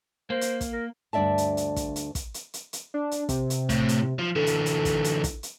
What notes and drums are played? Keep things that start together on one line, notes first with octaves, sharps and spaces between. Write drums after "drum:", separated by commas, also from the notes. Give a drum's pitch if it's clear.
A#3 C5
drum: hi-hat
drum: kick, hi-hat
A#4
D2 G2 D4 D5 E5 A5
drum: hi-hat
drum: hi-hat
drum: kick, hi-hat
drum: hi-hat
drum: kick, hi-hat
drum: hi-hat
drum: hi-hat
drum: hi-hat
D4
drum: hi-hat
C3, drum: kick, hi-hat
drum: hi-hat
A2, drum: kick, hi-hat
drum: hi-hat
F3
D3 E3 A4
drum: hi-hat
drum: hi-hat
drum: kick, hi-hat
drum: hi-hat
drum: kick, hi-hat
drum: hi-hat